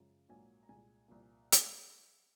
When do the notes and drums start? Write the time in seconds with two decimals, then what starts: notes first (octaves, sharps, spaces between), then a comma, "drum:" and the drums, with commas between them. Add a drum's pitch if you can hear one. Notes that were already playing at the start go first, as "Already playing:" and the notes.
Already playing: F#2 C#3 F3 G#3
0.29 A#1 G#2 F#3 A#3 G#5
0.63 A#5
0.69 C2 A#2 G#3 G#5
1.08 C2 A#2 F3 A#3
1.52 drum: hi-hat